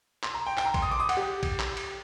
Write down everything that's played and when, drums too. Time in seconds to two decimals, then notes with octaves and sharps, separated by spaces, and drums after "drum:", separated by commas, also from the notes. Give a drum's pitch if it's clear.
0.24 C6, drum: clap
0.34 A#5
0.46 G5
0.58 G5, drum: clap
0.65 A#5
0.74 C6, drum: kick A#1, cymbal
0.82 D#6
0.91 D6
1.00 D#6
1.09 F#5, drum: cymbal
1.17 G4
1.43 drum: kick A#1, cymbal
1.60 drum: clap
1.77 drum: cymbal